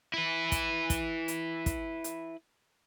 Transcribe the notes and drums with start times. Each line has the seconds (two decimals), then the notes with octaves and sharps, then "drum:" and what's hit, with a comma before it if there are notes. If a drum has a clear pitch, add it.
0.14 E4 B4
0.52 drum: kick, hi-hat
0.90 drum: kick, hi-hat
1.28 drum: hi-hat
1.66 drum: kick, hi-hat
2.04 drum: hi-hat